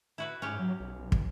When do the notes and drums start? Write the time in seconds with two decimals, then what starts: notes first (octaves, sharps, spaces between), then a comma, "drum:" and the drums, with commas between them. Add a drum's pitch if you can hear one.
0.18 E4 F#4 B4
0.42 G#2 C#4 G4
0.59 F#3
0.80 B1
1.12 drum: kick